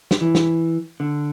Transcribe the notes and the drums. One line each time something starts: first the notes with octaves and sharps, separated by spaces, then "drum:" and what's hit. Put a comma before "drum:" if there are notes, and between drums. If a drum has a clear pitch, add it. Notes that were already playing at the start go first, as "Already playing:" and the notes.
drum: snare
E3
drum: snare
D3